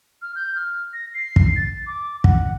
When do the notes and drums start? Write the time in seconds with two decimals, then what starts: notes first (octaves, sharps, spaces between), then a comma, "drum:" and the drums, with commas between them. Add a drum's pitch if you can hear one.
0.22 F6
0.35 G6
0.55 F6
0.93 A#6
1.14 C7
1.36 drum: kick
1.56 A6
1.86 D6
2.24 F#5, drum: kick